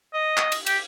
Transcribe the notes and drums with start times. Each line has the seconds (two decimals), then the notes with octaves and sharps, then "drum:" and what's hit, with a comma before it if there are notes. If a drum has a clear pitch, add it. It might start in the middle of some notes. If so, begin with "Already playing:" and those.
0.14 D#5
0.37 drum: clap
0.52 drum: cymbal
0.66 G4, drum: cymbal